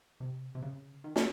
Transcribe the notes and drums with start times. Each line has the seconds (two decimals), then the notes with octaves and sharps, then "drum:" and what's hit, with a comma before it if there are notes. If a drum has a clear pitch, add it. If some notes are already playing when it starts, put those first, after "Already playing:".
0.20 C3
0.55 C3
0.62 C#3
1.04 D#3
1.16 A3, drum: snare